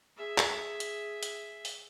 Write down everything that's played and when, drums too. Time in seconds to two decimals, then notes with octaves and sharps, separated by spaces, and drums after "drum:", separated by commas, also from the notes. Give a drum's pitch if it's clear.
0.17 G#4 E5
0.38 drum: clap
0.80 drum: hi-hat
1.23 drum: hi-hat
1.65 drum: open hi-hat